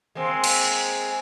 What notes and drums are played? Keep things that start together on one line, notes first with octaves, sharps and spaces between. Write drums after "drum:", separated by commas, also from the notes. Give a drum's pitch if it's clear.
G#3 A#3 C4
drum: cymbal